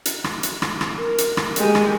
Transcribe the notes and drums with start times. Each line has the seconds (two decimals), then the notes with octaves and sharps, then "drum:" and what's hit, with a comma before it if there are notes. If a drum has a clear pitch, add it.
0.06 drum: hi-hat
0.24 drum: rim click
0.43 drum: hi-hat
0.62 drum: rim click
0.81 drum: rim click
0.96 A#4
1.18 drum: hi-hat
1.37 drum: rim click
1.56 G#3 G4, drum: hi-hat
1.75 drum: rim click